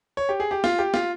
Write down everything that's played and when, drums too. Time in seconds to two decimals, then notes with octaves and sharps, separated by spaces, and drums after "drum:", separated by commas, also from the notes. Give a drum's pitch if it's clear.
0.17 C#5
0.29 G4
0.40 G#4
0.51 G4
0.64 F4, drum: snare
0.79 G4
0.94 F4, drum: snare